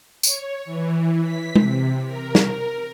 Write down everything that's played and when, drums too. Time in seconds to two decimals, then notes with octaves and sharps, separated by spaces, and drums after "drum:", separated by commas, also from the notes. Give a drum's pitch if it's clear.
0.23 C#5, drum: tambourine
0.65 E3
1.21 B6
1.56 C3, drum: tom G#3
2.05 A#4
2.35 drum: snare